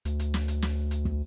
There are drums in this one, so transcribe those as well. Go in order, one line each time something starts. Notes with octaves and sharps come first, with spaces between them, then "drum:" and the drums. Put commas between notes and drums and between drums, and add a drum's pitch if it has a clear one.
D2, drum: hi-hat
drum: hi-hat
drum: snare
drum: hi-hat
drum: snare
drum: hi-hat
drum: kick